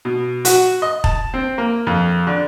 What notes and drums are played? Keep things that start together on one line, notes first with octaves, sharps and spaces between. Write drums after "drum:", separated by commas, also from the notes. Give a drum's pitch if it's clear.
B2
F#4, drum: hi-hat
D#5
A5, drum: kick
C4
A#3
F2
D3